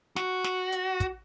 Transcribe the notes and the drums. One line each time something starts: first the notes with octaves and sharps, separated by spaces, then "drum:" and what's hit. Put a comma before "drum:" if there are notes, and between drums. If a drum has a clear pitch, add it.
F#4, drum: snare
drum: snare
drum: hi-hat
drum: kick, hi-hat